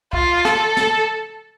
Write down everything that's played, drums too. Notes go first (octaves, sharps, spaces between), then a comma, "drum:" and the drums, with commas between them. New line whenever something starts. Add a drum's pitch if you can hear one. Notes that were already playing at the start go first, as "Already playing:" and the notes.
F4, drum: kick
A4, drum: snare
drum: snare